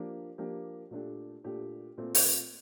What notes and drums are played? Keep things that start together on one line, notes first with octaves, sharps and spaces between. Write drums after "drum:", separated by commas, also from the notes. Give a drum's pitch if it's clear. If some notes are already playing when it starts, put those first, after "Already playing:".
Already playing: F3 A#3 D4 G4
F3 A#3 D4 G4
A#2 A3 D4 G4
A#2 A3 D4 G4
A#2 A3 C4
drum: open hi-hat